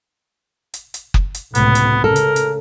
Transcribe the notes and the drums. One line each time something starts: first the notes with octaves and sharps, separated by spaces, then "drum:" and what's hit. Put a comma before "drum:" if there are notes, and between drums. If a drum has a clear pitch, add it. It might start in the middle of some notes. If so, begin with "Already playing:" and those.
drum: hi-hat
drum: hi-hat
drum: kick F#1
drum: hi-hat
C#2 A2 C3 B3, drum: hi-hat
drum: hi-hat
C#3 A4 A#4
drum: hi-hat
drum: hi-hat